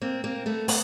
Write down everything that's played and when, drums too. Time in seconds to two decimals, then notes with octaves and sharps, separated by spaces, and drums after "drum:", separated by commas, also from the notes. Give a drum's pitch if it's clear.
0.01 A#3 C4
0.24 A#3 C4
0.46 A3 B3
0.68 B3, drum: open hi-hat